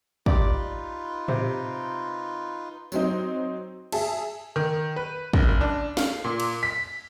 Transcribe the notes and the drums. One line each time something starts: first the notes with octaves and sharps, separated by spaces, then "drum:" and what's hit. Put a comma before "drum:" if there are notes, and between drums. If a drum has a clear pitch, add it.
D#4 F4 G4 B4 D5, drum: kick
C3 C5, drum: tom A2
F#3 C4 D#4, drum: tambourine
G#4 E5 A5, drum: cymbal
D#3
B4
F#1, drum: kick
D4
F5, drum: snare
A#2
drum: cymbal
B6